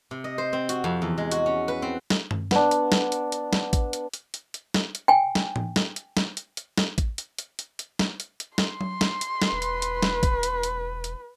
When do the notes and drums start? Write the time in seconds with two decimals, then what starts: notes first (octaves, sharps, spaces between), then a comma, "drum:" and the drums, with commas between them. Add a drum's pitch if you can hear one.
0.11 C3
0.24 D#5
0.38 C5
0.53 C4
0.69 F#4, drum: hi-hat
0.84 F2
1.02 E2
1.18 G#3
1.31 F#4, drum: hi-hat
1.46 C#4
1.68 B4
1.82 C4
2.10 drum: snare
2.31 drum: tom G2
2.51 B3 D4, drum: snare
2.71 drum: hi-hat
2.92 drum: snare
3.12 drum: hi-hat
3.32 drum: hi-hat
3.53 drum: snare
3.73 drum: kick A1, hi-hat
3.93 drum: hi-hat
4.14 drum: hi-hat
4.34 drum: hi-hat
4.54 drum: hi-hat
4.74 drum: snare
4.95 drum: hi-hat
5.08 G5 G#5
5.35 drum: snare
5.56 drum: tom A2
5.76 drum: snare
5.96 drum: hi-hat
6.17 drum: snare
6.37 drum: hi-hat
6.57 drum: hi-hat
6.78 drum: snare
6.98 drum: kick A1, hi-hat
7.18 drum: hi-hat
7.38 drum: hi-hat
7.59 drum: hi-hat
7.79 drum: hi-hat
7.99 drum: snare
8.20 drum: hi-hat
8.40 drum: hi-hat
8.58 C6, drum: snare
8.81 drum: tom F#3
9.01 drum: snare
9.21 drum: hi-hat
9.42 drum: snare
9.52 E1 B4
9.62 drum: hi-hat
9.82 drum: hi-hat
10.03 drum: snare
10.23 drum: kick A1, hi-hat
10.43 drum: hi-hat
10.63 drum: hi-hat
11.04 drum: hi-hat